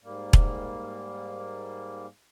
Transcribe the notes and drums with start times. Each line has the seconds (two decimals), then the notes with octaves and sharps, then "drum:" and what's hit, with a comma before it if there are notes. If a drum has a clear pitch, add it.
0.03 G#2 G3 A#3
0.33 drum: kick E1